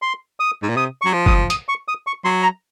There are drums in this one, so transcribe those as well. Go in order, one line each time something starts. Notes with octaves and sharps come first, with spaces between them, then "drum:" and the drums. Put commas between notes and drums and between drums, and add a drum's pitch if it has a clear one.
C6
D#6
G#2
A#2
C3 D#6
C#6
F#3
F3
D#6, drum: kick F#1
D#6, drum: hi-hat
C#6
D#6
C#6
F#3 C6
A#5